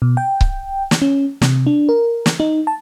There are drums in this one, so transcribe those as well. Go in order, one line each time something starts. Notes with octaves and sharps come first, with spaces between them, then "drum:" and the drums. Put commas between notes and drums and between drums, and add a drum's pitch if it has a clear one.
B2
G5
drum: kick C#1
drum: snare
C#4
C3, drum: snare
D4
A#4
drum: snare
D#4
A5